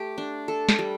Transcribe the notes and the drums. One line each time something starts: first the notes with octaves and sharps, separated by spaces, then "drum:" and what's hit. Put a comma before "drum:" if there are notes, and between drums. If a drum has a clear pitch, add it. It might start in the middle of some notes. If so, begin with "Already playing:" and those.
Already playing: A3 G4
D4
A4
drum: snare
G3